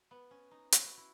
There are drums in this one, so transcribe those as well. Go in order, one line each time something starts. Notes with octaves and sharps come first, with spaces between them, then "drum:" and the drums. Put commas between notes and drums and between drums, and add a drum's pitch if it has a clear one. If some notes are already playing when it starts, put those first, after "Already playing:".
Already playing: F#4
B3
C#4
D#4
E4, drum: hi-hat
F#4
E4